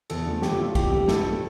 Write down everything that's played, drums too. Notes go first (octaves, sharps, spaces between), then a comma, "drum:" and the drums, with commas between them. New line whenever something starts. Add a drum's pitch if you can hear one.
E2 A4, drum: cymbal
D3 F3 A3
F2 G4, drum: snare
E3 A3 F4
F2 G4, drum: kick, cymbal
C3 E3 G3 G4
G2 A4, drum: snare
F3 A3